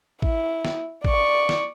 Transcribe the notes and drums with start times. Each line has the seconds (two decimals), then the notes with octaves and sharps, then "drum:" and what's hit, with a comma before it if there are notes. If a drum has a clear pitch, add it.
0.22 E4, drum: kick
0.65 drum: snare
1.04 D5 C#6, drum: kick
1.49 drum: snare